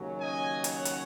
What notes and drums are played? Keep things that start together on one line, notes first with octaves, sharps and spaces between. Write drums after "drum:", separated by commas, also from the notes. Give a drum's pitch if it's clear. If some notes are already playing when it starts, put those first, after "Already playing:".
Already playing: D#2 C#3 F#3 C#4
D#5 G#5
C#5 F#5, drum: hi-hat
drum: hi-hat